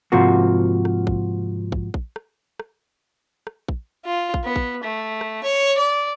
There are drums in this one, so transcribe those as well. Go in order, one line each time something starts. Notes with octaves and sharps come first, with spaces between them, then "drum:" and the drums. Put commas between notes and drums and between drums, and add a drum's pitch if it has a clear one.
G#2 C3 F3 A#3 F#4
drum: rim click
drum: kick
drum: kick
drum: kick
drum: rim click
drum: rim click
drum: rim click
drum: kick
F4
drum: kick
B3
drum: kick
A3
drum: rim click
C#5
D5